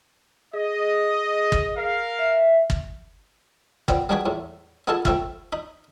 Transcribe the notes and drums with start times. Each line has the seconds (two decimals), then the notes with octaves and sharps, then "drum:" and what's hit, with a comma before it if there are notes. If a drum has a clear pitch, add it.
0.53 G#4 D#5
1.52 drum: kick
1.75 A#4 F5
2.19 E5
2.70 drum: kick
3.88 A#2 B3 C4, drum: kick
4.09 G3 A#3 D4 F#4 G#4 B4
4.26 E2 A2
4.87 B3 D#4 F4 G#4 A4 A5
5.05 A3 C4 E4 F4, drum: kick
5.53 D#4 B5